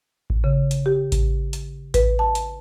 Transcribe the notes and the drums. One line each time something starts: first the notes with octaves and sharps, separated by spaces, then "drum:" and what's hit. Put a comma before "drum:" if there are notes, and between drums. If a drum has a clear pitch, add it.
drum: kick A1
C#3
drum: hi-hat
G4
drum: kick A1, hi-hat
drum: hi-hat
B4, drum: kick A1, hi-hat
A5
drum: hi-hat